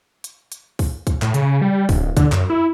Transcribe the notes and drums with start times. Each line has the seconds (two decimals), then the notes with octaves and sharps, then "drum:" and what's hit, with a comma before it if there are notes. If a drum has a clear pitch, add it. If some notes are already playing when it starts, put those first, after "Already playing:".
0.24 drum: hi-hat
0.52 drum: hi-hat
0.79 drum: kick, open hi-hat
1.07 drum: kick, hi-hat
1.22 A2, drum: clap
1.34 C#3, drum: hi-hat
1.61 G3
1.89 D1, drum: kick, open hi-hat
2.17 D3, drum: kick, hi-hat
2.32 F#2, drum: clap
2.50 E4